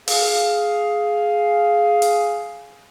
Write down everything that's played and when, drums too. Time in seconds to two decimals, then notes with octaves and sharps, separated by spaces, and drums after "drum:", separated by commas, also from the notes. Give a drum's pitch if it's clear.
0.08 G#4 F5, drum: open hi-hat
2.02 drum: hi-hat